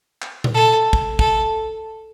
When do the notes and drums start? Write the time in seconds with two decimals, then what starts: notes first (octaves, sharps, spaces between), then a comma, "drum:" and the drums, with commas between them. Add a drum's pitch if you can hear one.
0.22 drum: clap
0.44 drum: tom A#2
0.54 A4
0.93 drum: kick
1.19 A4, drum: kick